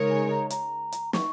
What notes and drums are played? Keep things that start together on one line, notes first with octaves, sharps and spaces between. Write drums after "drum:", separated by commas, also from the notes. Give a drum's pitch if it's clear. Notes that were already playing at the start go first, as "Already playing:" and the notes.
Already playing: C#3 G#3 D#4 A#4 C#5
G#5
A#5
A#5, drum: hi-hat
drum: hi-hat
C#6, drum: snare